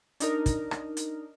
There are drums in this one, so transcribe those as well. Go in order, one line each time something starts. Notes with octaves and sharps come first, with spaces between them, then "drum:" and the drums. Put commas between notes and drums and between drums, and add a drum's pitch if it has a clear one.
D4 D#4 A#4, drum: hi-hat
drum: kick, hi-hat
drum: rim click
drum: hi-hat